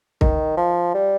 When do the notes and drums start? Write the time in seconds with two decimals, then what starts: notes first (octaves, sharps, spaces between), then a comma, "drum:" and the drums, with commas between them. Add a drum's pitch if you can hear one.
0.21 D#3, drum: kick
0.57 F3
0.94 G3